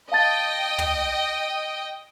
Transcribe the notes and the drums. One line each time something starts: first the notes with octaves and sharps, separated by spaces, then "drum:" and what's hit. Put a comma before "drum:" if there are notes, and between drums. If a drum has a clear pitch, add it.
D#5 F5 G5 A5 A6
drum: tom